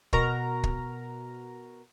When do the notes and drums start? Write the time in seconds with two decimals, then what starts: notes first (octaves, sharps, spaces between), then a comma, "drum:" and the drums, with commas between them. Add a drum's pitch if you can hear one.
0.13 B2 F#4 A#4 A#5, drum: kick
0.64 drum: kick